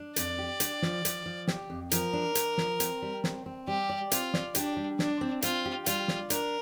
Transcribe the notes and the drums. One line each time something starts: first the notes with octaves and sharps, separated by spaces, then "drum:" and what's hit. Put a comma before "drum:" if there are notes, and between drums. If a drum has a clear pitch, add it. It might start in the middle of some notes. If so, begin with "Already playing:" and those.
Already playing: D4
F2 D5, drum: hi-hat
G4
D4, drum: hi-hat
F3, drum: snare
F3, drum: hi-hat
F3
G4, drum: snare
F2
F3 A#4, drum: hi-hat
D4
D4, drum: hi-hat
F3, drum: snare
C4, drum: hi-hat
G3
C4, drum: snare
C4
G3 G4
D5
C4 F4, drum: hi-hat
D5, drum: snare
D4 G4, drum: hi-hat
G3
D4 D5, drum: snare
C4
C4 F4, drum: hi-hat
G4
G3 F4, drum: hi-hat
D5, drum: snare
D4 A#4, drum: hi-hat